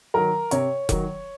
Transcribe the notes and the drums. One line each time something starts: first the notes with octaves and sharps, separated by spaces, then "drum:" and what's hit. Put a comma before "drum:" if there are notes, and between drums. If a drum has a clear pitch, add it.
D#3 F#3 A#4
C3 C#5, drum: hi-hat
D#3 F#3, drum: kick F1, hi-hat